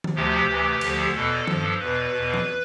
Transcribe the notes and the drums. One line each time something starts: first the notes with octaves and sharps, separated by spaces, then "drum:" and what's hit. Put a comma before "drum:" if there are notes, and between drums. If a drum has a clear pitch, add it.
drum: tom D#3
D2 C3 F3 G4
D2 C3 E3
D2 D3 F3, drum: cymbal
E2 B2 A4
G2 F3, drum: tom D#3
E2 B2 B4
E2 B2
drum: tom E3